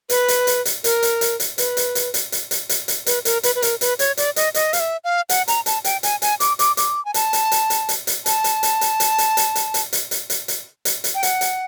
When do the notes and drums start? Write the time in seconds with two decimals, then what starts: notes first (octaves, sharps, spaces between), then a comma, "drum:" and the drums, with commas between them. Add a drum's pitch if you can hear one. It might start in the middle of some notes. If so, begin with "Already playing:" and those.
0.10 B4, drum: hi-hat
0.28 drum: hi-hat
0.47 drum: hi-hat
0.65 drum: hi-hat
0.84 A#4, drum: hi-hat
1.03 drum: hi-hat
1.21 drum: hi-hat
1.40 drum: hi-hat
1.58 B4, drum: hi-hat
1.77 drum: hi-hat
1.95 drum: hi-hat
2.14 drum: hi-hat
2.32 drum: hi-hat
2.51 drum: hi-hat
2.69 drum: hi-hat
2.88 drum: hi-hat
3.06 B4, drum: hi-hat
3.25 A#4, drum: hi-hat
3.43 B4, drum: hi-hat
3.55 B4
3.62 A#4, drum: hi-hat
3.81 B4, drum: hi-hat
3.99 C#5, drum: hi-hat
4.17 D5, drum: hi-hat
4.36 D#5, drum: hi-hat
4.54 D#5, drum: hi-hat
4.73 F5, drum: hi-hat
4.80 E5
5.04 F5
5.29 F#5, drum: hi-hat
5.48 A#5, drum: hi-hat
5.66 A5, drum: hi-hat
5.84 G5, drum: hi-hat
6.03 G#5, drum: hi-hat
6.22 G#5, drum: hi-hat
6.40 D6, drum: hi-hat
6.59 D6, drum: hi-hat
6.77 D6, drum: hi-hat
7.05 G#5
7.14 A5, drum: hi-hat
7.33 drum: hi-hat
7.51 drum: hi-hat
7.70 drum: hi-hat
7.89 drum: hi-hat
8.07 drum: hi-hat
8.26 A5, drum: hi-hat
8.44 drum: hi-hat
8.63 drum: hi-hat
8.81 drum: hi-hat
9.00 drum: hi-hat
9.18 drum: hi-hat
9.37 drum: hi-hat
9.55 drum: hi-hat
9.74 drum: hi-hat
9.93 drum: hi-hat
10.11 drum: hi-hat
10.30 drum: hi-hat
10.48 drum: hi-hat
10.85 drum: hi-hat
11.04 drum: hi-hat
11.15 G5
11.23 F#5, drum: hi-hat
11.41 drum: hi-hat